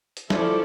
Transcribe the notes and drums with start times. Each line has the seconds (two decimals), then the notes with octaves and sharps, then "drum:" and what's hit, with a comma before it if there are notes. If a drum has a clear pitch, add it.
0.17 drum: hi-hat
0.30 F3 C#4 E4 A4 D5, drum: snare